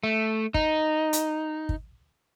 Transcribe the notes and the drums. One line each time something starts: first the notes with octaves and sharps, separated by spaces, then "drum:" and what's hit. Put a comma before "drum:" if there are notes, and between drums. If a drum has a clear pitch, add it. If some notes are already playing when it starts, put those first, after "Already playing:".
A3
D#4, drum: kick
drum: hi-hat
drum: kick